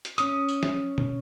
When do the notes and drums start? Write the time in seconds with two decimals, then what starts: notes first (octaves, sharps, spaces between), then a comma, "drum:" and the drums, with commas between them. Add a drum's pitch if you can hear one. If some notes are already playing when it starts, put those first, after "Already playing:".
0.05 drum: hi-hat
0.18 C#4 D#6, drum: hi-hat
0.48 drum: tambourine
0.63 drum: snare
0.98 drum: tom